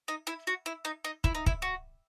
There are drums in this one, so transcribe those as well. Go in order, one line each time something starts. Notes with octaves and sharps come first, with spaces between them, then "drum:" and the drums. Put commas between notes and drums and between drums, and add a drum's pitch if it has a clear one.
D#4
E4
F#4
E4
D#4
D#4
E4, drum: kick
D#4
E4, drum: kick
F#4